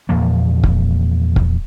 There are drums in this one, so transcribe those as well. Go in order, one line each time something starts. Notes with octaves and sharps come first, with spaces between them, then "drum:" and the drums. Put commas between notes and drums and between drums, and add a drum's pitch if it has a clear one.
E2 A#2 F3 A#3
drum: kick
drum: kick